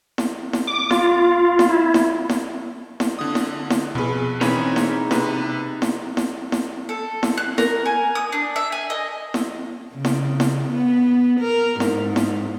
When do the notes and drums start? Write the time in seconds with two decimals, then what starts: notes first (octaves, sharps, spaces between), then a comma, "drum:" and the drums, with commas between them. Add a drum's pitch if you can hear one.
0.18 drum: snare E4
0.53 drum: snare E4
0.67 D6
0.91 F4, drum: snare E4
1.59 drum: snare E4
1.69 E4
1.94 drum: snare E4
2.29 drum: snare E4
3.00 drum: snare E4
3.19 D3 D#6
3.35 drum: snare E4
3.70 drum: snare E4
3.95 F2 B2 G#4 B4
4.41 E3 C4 C#4 D#4 B5, drum: snare E4
4.76 drum: snare E4
5.11 C3 B4, drum: snare E4
5.82 drum: snare E4
6.17 drum: snare E4
6.52 drum: snare E4
6.89 A4
7.23 drum: snare E4
7.38 F#6
7.58 A#4, drum: snare E4
7.86 G#5
8.15 D#6
8.32 D4
8.56 E5
8.72 G#5
8.90 D#5
9.34 drum: snare E4
9.95 C#3
10.05 drum: snare E4
10.40 drum: snare E4
10.70 B3
11.40 A#4
11.80 G#2, drum: snare E4
12.16 drum: snare E4